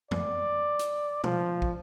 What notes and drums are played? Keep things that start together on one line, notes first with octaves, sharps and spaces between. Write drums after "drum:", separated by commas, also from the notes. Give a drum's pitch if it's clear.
D5, drum: tom
drum: hi-hat
F3, drum: tom
drum: kick